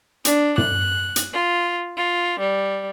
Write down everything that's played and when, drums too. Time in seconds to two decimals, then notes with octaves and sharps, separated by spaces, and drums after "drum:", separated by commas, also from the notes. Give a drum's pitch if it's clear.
0.25 D4, drum: hi-hat
0.58 F#6, drum: tom
1.16 drum: hi-hat
1.33 F4
1.97 F4
2.40 G3